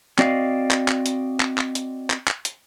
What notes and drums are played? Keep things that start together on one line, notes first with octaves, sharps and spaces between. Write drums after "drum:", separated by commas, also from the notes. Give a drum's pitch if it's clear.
C4 F#4 D5 D#5 F5, drum: clap
drum: clap
drum: clap
drum: hi-hat
drum: clap
drum: clap
drum: hi-hat
drum: clap
drum: clap
drum: hi-hat